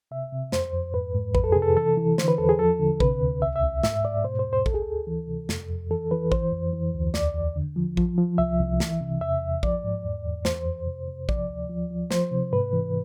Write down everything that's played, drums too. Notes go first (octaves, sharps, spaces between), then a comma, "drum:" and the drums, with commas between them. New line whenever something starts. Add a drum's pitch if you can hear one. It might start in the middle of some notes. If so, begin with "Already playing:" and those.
C3 E5
C3
F2 C5, drum: snare
F2
G#2 B4
G#2
F2 B4, drum: kick A#1
A4
C3 G#4
A4
E3 A4
E3
D3 C5, drum: snare
B4
E2 A4
G#4
F3 A4
D3
C3 B4, drum: kick A#1
D2
C2 E5
E5
C2
G#2 E5, drum: snare
G#2 D5
B2 C5
C5
E2
C5
D2 A4, drum: kick A#1
G#4
D2 A4
E3
C3
F2, drum: snare
F2
E3 A4
E3 B4
E3 C5, drum: kick A#1
F2
E3
D2
E2 D5, drum: snare
E2
D3
F3
F3, drum: kick A#1
F3
C2 E5
C2
E3, drum: snare
C3
E2 E5
E2
F3 D5, drum: kick A#1
G#2
E2
E2
E3 C5, drum: snare
F2
C3
C3
F3 D5, drum: kick A#1
D2
F3
F3
F3 C5, drum: snare
C3
G#2 B4
E3